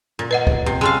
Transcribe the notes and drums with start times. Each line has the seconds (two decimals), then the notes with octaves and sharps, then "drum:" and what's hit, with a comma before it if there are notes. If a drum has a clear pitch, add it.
0.19 A#2
0.31 B4 D#5 F#5
0.47 drum: kick
0.66 C3
0.81 G#3 A3 F5